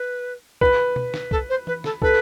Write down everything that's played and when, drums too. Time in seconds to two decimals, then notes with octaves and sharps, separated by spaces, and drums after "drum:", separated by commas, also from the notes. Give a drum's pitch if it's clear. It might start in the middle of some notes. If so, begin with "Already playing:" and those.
Already playing: B4
0.61 B4, drum: kick
0.96 drum: tom B2
1.14 drum: snare
1.31 A4, drum: kick
1.49 C5
1.67 B4, drum: tom E3
1.84 A4, drum: snare
2.02 A4 B4, drum: kick